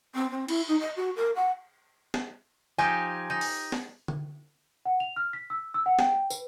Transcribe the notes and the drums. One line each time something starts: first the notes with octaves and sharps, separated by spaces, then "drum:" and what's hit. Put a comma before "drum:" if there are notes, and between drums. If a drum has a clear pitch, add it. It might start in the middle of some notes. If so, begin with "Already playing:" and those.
C4
C4
E4, drum: cymbal
D#4
D#5
F#4
A#4
F#5
drum: snare
F3 D#4 G4 G#5
D#4
drum: open hi-hat
drum: snare
drum: tom D3
F#5
F7
F6
B6
E6
E6
F#5
G5, drum: snare
B4, drum: tambourine